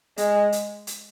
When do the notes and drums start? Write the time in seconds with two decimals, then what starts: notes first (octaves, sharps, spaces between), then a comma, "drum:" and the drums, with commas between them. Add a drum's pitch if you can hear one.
0.17 G#3, drum: hi-hat
0.52 drum: hi-hat
0.87 drum: hi-hat